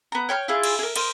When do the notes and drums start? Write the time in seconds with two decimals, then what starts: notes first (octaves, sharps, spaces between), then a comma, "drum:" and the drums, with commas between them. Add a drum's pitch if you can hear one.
0.12 B3 A#5
0.29 C#5 G5 B5 F6
0.48 E4 F4 G#4
0.63 drum: cymbal
0.79 G#4 A#4
0.96 A#4 C5 D#5, drum: cymbal